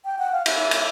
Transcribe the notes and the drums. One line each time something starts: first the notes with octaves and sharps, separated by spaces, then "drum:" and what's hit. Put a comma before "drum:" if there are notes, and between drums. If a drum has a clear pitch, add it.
G5
F#5
F5
E5, drum: cymbal
drum: cymbal